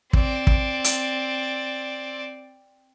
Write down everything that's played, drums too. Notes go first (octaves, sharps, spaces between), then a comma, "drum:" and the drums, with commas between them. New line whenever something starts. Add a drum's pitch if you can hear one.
C4 D5, drum: kick
drum: kick
drum: hi-hat